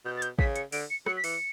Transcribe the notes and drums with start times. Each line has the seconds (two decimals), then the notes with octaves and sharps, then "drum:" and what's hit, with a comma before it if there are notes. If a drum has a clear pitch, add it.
0.05 B2 G6
0.17 A6
0.22 G6, drum: hi-hat
0.39 C#3 B6, drum: kick
0.56 C#7, drum: hi-hat
0.72 D3 D7, drum: open hi-hat
0.90 C#7
1.06 F#3 C#7, drum: rim click
1.17 B6
1.24 E3 C#7, drum: open hi-hat